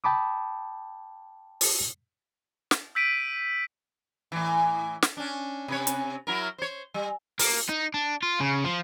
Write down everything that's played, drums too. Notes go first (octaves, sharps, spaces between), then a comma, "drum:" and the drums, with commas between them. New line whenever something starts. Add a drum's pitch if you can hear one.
G5 A5 B5 D6 D#6
drum: open hi-hat
drum: snare
E6 G6 B6 D7 D#7
A2 E3
drum: snare
C#4 D4
C3 B4 C#5
drum: hi-hat
F#3 E4 A#4
C5 C#5
G3
A#3, drum: open hi-hat
D#4
D4
F4
C#3
F3